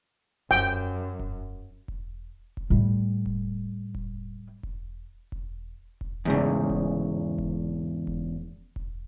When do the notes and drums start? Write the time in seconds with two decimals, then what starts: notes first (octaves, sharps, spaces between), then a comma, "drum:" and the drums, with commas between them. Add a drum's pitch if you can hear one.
0.51 F#2 G5, drum: kick E1
1.19 drum: kick E1
1.88 drum: kick E1
2.57 drum: kick E1
2.70 A2 G3
3.26 drum: kick E1
3.95 drum: kick E1
4.63 drum: kick E1
5.32 drum: kick E1
6.01 drum: kick E1
6.25 E2 G#2 C#3
6.70 drum: kick E1
7.38 drum: kick E1
8.07 drum: kick E1
8.76 drum: kick E1